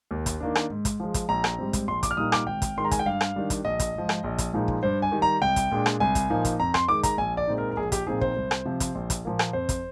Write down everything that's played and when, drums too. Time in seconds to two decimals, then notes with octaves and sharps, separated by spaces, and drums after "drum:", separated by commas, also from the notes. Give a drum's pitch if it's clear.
0.11 D#2
0.26 drum: kick, hi-hat
0.40 D#3 A#3 D4
0.55 drum: rim click
0.70 G#2
0.85 drum: kick, hi-hat
1.00 F3 G#3
1.14 drum: kick, hi-hat
1.29 A#1 A#5
1.44 drum: rim click
1.58 G#2 G3 C4
1.73 drum: kick, hi-hat
1.88 A#1 C6
2.03 D6, drum: kick, hi-hat
2.11 F6
2.17 A#2 G3 A#3 D#4 D#6
2.32 D6, drum: rim click
2.47 G#1 G5
2.62 drum: kick, hi-hat
2.76 G#2 D#3 G#3 C6
2.85 A#5
2.91 G#5, drum: kick, hi-hat
2.99 G5
3.06 G2 F5
3.21 drum: rim click
3.36 D#3 G3 D4
3.50 drum: kick, hi-hat
3.65 A#1 D#5
3.79 drum: kick, hi-hat
3.95 G#2 F3
4.09 drum: rim click
4.24 A#1
4.38 drum: kick, hi-hat
4.53 A#2 F3 G#3 D#4
4.68 drum: kick
4.83 G2 C5
5.02 G#5
5.12 D#3 G3
5.22 A#5
5.42 C2 G5
5.56 drum: kick, hi-hat
5.71 A#2 G#3 D4
5.86 drum: rim click
6.00 C2 G#5
6.15 drum: kick, hi-hat
6.30 A#2 F3 A#3 D#4
6.45 drum: kick, hi-hat
6.59 F2 A#5
6.74 C6, drum: rim click
6.89 D#3 G#3 D6
7.03 A#5, drum: kick, hi-hat
7.18 A#1 G#5
7.37 D5
7.48 A#2 G#3 C4 D#4
7.58 A#4
7.71 A#4
7.77 A#1 G#4
7.92 G4, drum: kick, hi-hat
8.07 A#2 F3 C4 D#4 G#4
8.21 C5, drum: kick
8.37 C2
8.51 drum: rim click
8.66 C3 F3
8.80 drum: kick, hi-hat
8.95 A#1
9.10 drum: kick, hi-hat
9.25 A#2 F3 A#3
9.39 drum: rim click
9.53 F2 C5
9.69 drum: kick, hi-hat